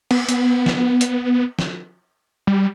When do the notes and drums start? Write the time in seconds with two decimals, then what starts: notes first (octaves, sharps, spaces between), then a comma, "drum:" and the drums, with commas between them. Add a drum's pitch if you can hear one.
0.11 B3, drum: cymbal
0.29 B3, drum: hi-hat
0.66 drum: snare
1.01 drum: hi-hat
1.59 drum: snare
2.47 G3